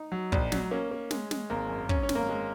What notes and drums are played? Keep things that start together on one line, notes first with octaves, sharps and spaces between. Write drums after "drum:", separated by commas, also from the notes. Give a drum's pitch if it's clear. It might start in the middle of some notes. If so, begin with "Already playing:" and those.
Already playing: D#4
F#3
A#1, drum: kick
F#3, drum: snare
A#3 C#4
A#3
G#3, drum: snare
G#3, drum: snare
G#1 A#3
F#2
F#2 C#4, drum: kick
C#4
G#1, drum: snare
A#3
G#3